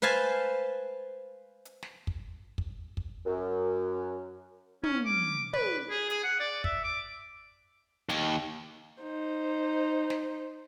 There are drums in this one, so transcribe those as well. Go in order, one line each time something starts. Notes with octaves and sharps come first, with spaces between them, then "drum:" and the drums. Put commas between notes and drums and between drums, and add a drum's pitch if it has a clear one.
B4 C5 F5 G#5 A5
drum: hi-hat
drum: snare
drum: kick
drum: kick
drum: kick
F#2
C#4, drum: tom
D6
B4, drum: tom
G#4
G#4, drum: hi-hat
F#5
D5
E5, drum: kick
D6
D#2, drum: hi-hat
D#4 C5
drum: snare